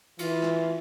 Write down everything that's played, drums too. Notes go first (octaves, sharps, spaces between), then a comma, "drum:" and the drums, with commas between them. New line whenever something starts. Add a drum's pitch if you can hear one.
E3 F4, drum: cymbal
drum: rim click